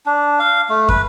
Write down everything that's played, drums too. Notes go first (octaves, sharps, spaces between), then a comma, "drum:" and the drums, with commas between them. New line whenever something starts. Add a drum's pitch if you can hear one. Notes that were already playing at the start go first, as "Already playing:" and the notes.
D4
F5
A3
B4, drum: kick